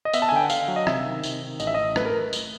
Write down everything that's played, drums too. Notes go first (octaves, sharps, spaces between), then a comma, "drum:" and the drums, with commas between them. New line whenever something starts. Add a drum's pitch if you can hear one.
D#5
B3 E5, drum: tambourine
A5
G#5
D3 G5
F#5
D3 F5, drum: tambourine
F#3
D#5
C3 E5, drum: rim click
D#3
C3, drum: tambourine
D#3
A1 D#5, drum: tambourine
E5
A1 D#5
A3 B4, drum: rim click
A#4
drum: tambourine